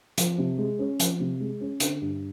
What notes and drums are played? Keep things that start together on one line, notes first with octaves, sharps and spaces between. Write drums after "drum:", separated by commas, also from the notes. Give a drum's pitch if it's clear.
F3, drum: hi-hat
C3
G#3
C#4
F3, drum: hi-hat
C3
G#3
C#4
D3, drum: hi-hat
G2